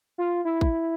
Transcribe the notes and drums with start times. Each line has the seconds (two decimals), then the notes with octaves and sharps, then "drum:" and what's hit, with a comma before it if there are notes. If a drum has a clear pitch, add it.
0.18 F4
0.45 E4
0.61 drum: kick